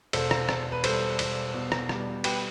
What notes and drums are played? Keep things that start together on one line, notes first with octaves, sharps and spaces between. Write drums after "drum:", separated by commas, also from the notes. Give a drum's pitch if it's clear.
E1 A4 C5, drum: cymbal
drum: rim click
E1, drum: rim click
B4
G3 A4 C5, drum: cymbal
E1, drum: cymbal
B2
drum: rim click
G3, drum: rim click
G3 G4 B4, drum: cymbal